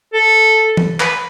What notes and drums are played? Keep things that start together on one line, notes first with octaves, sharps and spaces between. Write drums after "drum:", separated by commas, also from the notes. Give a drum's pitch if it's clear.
A4
drum: tom
B4, drum: clap